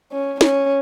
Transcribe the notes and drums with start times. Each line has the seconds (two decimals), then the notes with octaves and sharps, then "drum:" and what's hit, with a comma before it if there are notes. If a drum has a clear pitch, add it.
0.12 C#4
0.41 C#4, drum: snare